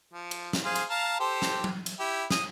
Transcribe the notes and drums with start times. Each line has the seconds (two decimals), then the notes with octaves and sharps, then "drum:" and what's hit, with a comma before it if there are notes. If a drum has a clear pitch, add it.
0.13 F3
0.31 drum: cymbal
0.53 drum: snare
0.64 G#4 C5 F5
0.76 drum: cymbal
0.90 F5 A5 A#5
1.20 G4 A4 C5
1.42 drum: snare
1.64 drum: tom
1.86 drum: cymbal
2.00 E4 G4
2.31 D#6, drum: snare